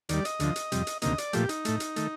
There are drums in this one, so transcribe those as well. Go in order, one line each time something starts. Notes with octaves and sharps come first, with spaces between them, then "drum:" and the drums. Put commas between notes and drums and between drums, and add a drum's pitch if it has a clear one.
D#2 D#3 G3 D5, drum: hi-hat
D#5, drum: hi-hat
D2 D3 F3, drum: hi-hat
drum: hi-hat
F2 C3 G3, drum: hi-hat
drum: hi-hat
D2 C3 D#3 A#3 D#5, drum: hi-hat
D5, drum: hi-hat
A#2 F3 A3 G4, drum: hi-hat
D#4, drum: hi-hat
A2 A3, drum: hi-hat
drum: hi-hat
D#3 A3, drum: hi-hat